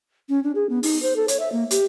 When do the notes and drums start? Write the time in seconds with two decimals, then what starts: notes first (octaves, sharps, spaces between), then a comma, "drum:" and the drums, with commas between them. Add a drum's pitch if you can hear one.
0.29 C#4
0.44 D4
0.55 G#4
0.69 B3
0.83 D#4, drum: open hi-hat
1.02 C5
1.16 A4
1.28 C#5, drum: hi-hat
1.39 E5
1.52 A#3
1.71 G4, drum: hi-hat